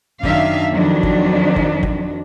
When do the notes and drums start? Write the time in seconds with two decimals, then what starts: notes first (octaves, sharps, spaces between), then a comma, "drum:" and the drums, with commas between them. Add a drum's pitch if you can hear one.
0.23 F#2 D#3 D4 E5 F5, drum: kick
0.72 F2 D#3 F#3 D4 F#4
1.03 drum: kick
1.56 drum: kick
1.83 drum: kick